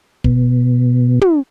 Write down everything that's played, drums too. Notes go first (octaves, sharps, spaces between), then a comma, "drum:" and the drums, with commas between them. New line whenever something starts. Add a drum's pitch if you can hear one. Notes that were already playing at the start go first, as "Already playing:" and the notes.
B2, drum: kick
drum: tom